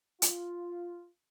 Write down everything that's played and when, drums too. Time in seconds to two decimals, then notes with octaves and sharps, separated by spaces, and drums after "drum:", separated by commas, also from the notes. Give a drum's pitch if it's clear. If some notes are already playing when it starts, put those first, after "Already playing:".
0.22 F4, drum: hi-hat